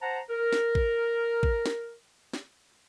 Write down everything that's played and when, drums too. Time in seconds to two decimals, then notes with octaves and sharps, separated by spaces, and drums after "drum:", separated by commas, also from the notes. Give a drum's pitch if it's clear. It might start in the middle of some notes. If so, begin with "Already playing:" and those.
0.02 C5 F#5 A5 A#5
0.30 A#4
0.53 drum: snare
0.75 drum: kick
1.43 drum: kick
1.66 drum: snare
2.33 drum: snare